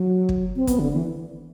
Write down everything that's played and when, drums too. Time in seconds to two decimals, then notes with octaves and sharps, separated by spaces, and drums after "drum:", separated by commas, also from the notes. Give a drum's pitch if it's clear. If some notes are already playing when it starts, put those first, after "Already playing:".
Already playing: F#3
0.29 drum: kick
0.56 C4
0.67 B3, drum: kick, hi-hat
0.79 D3
0.93 E3